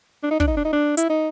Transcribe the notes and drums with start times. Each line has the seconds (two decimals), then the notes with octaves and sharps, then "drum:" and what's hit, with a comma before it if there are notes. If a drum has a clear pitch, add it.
0.23 D4
0.31 D#4
0.40 D4, drum: kick
0.47 D#4
0.57 D4
0.65 D#4
0.73 D4
0.97 E4, drum: hi-hat
1.09 D#4